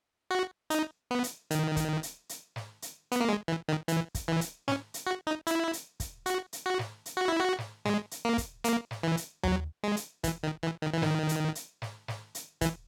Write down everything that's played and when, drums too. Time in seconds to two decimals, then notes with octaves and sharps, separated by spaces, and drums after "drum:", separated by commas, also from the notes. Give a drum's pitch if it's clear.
0.31 F#4
0.70 D#4, drum: hi-hat
1.11 B3
1.24 drum: hi-hat
1.51 D#3, drum: hi-hat
1.76 drum: kick, hi-hat
2.03 drum: hi-hat
2.29 drum: hi-hat
2.56 drum: snare
2.82 drum: hi-hat
3.12 B3, drum: hi-hat
3.20 A#3
3.29 G#3
3.48 E3
3.68 D#3
3.88 E3, drum: hi-hat
4.15 drum: kick, hi-hat
4.28 E3
4.41 drum: hi-hat
4.68 C#4, drum: snare
4.94 drum: hi-hat
5.07 F#4
5.27 D#4
5.47 E4, drum: hi-hat
5.73 drum: hi-hat
6.00 drum: kick, hi-hat
6.26 F#4, drum: hi-hat
6.53 drum: hi-hat
6.66 F#4
6.79 drum: snare
7.06 drum: hi-hat
7.17 F#4
7.28 E4
7.40 F#4
7.58 drum: snare
7.85 G#3, drum: snare
8.11 drum: hi-hat
8.25 A#3
8.38 drum: kick, hi-hat
8.64 A#3, drum: hi-hat
8.91 drum: snare
9.03 E3
9.17 drum: hi-hat
9.43 F#3, drum: tom D#2
9.83 G#3
9.97 drum: hi-hat
10.24 E3, drum: kick, hi-hat
10.43 D#3
10.63 E3
10.82 D#3
10.93 E3
11.02 D#3, drum: snare
11.29 drum: hi-hat
11.55 drum: hi-hat
11.82 drum: snare
12.08 drum: snare
12.35 drum: hi-hat
12.61 E3, drum: kick, hi-hat